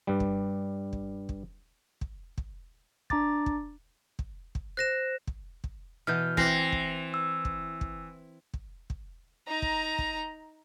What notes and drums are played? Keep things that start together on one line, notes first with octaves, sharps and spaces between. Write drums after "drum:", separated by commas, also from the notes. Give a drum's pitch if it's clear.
G2 G3
drum: kick
drum: kick
drum: kick
drum: kick
drum: kick
D4 A#5 D6 A6, drum: kick
drum: kick
drum: kick
drum: kick
C5 F#6 A#6 E7
drum: kick
drum: kick
B2 E3 F6 G6
E3 C4 A#6 C7, drum: kick
drum: kick
E6
drum: kick
drum: kick
drum: kick
drum: kick
D#4 A#5
drum: kick
drum: kick